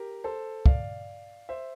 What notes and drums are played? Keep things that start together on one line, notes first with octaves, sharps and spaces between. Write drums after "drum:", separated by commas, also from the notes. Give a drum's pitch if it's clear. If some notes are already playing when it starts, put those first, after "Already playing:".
Already playing: G4 A#4
A4 C5
D5 F5, drum: kick
C5 E5